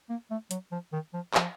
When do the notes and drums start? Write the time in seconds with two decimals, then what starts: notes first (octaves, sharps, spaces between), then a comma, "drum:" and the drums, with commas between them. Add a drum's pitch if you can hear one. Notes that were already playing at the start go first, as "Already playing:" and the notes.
0.10 A#3
0.30 A3
0.51 F#3, drum: hi-hat
0.72 F3
0.93 D#3
1.14 F3
1.34 F3, drum: clap